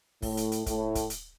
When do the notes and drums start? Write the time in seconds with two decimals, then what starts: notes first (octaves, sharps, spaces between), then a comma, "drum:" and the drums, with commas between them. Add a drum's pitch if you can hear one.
0.22 A2, drum: kick, open hi-hat
0.37 drum: hi-hat
0.52 drum: hi-hat
0.66 A2, drum: kick, hi-hat
0.95 drum: kick, hi-hat
1.10 drum: hi-hat